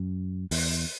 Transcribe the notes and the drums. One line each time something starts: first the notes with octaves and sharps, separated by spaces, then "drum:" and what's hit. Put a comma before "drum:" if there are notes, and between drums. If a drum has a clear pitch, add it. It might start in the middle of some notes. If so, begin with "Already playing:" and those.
Already playing: F#2
E2, drum: open hi-hat